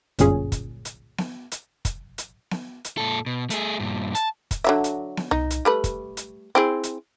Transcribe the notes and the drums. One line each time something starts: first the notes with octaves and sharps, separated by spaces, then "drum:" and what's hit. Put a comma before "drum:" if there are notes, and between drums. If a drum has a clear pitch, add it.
G1 C2 F#2 A#2 C#4 G#4, drum: hi-hat
drum: kick, hi-hat
drum: hi-hat
drum: snare B3
drum: hi-hat
drum: kick, hi-hat
drum: hi-hat
drum: snare B3
drum: hi-hat
A#2 A4
B2
A3 G#4, drum: hi-hat
G2 A#2
A5, drum: hi-hat
drum: kick, hi-hat
D3 F#3 E5
drum: hi-hat
drum: snare B3
D#4, drum: tom C2
drum: hi-hat
G3 A3 B4
drum: kick, hi-hat
drum: hi-hat
C4 E4 G#4
drum: hi-hat